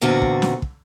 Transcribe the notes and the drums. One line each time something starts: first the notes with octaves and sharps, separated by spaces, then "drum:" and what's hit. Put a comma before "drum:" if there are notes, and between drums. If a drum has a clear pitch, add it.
E2 A#2 D3 C4 F#4
drum: kick
drum: snare
drum: kick